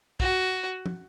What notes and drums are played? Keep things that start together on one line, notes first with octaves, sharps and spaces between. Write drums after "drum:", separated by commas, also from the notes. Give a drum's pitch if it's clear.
F#4, drum: kick
drum: tom